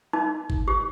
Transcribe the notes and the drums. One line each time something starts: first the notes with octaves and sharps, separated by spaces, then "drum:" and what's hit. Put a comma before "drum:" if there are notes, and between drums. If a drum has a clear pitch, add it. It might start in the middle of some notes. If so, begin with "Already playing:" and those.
D#4
drum: kick G1
G4